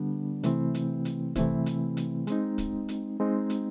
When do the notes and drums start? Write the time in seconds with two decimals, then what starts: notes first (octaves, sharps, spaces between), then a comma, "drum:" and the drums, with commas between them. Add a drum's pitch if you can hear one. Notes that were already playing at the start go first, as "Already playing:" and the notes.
Already playing: D3 G3 B3 D4
0.43 C3 E3 A3 C4 E4, drum: hi-hat
0.75 drum: hi-hat
1.05 drum: hi-hat
1.36 C3 E3 A3 C4 E4, drum: kick, hi-hat
1.66 drum: hi-hat
1.97 drum: hi-hat
2.27 G#3 C4 D#4, drum: hi-hat
2.58 drum: kick, hi-hat
2.89 drum: hi-hat
3.20 G#3 C4 D#4
3.50 drum: hi-hat